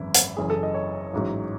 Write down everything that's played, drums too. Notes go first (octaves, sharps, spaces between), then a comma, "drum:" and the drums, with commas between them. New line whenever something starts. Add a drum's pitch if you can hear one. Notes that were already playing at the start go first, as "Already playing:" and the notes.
Already playing: G#1 F#2 E3 E4
drum: hi-hat
F#1 F#2 E3 G#4
A4
D#5
C#5
A1 G#2 F#3